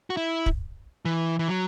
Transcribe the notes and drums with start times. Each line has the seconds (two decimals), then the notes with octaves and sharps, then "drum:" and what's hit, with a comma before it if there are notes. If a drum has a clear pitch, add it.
0.10 F#4
0.17 E4
0.46 drum: kick
1.05 E3
1.39 E3
1.49 F#3